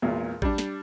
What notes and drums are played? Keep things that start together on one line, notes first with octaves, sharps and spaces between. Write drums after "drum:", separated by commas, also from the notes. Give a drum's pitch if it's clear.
G#1 E2 A#2
G3 D4, drum: kick A1
drum: snare